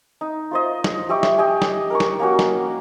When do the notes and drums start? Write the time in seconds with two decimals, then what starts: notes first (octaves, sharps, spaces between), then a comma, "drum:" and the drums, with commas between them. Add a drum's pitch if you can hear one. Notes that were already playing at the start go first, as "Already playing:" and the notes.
0.21 D#4
0.51 F4 C5 D#5
0.84 drum: snare
1.09 G4 D#5 E5 C#6
1.23 drum: snare
1.38 G4 D#5 G5 G#5
1.62 drum: snare
1.90 A#4 A#5 C#6
2.00 drum: snare
2.20 A#3 C#4 F#4
2.39 drum: snare